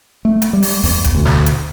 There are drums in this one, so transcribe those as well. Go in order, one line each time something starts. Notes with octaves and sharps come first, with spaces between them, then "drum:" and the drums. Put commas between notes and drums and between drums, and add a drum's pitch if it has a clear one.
A3
drum: hi-hat
G3
drum: open hi-hat
E2, drum: open hi-hat
drum: kick, hi-hat
D2
drum: snare
drum: hi-hat